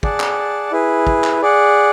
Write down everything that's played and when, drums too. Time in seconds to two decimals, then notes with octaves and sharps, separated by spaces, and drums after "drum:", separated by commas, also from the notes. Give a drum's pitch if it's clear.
0.03 G#4 D5 F#5 A5, drum: kick
0.20 drum: clap
0.72 E4 G#4 B4
1.07 drum: kick
1.24 drum: clap
1.42 G#4 D5 F#5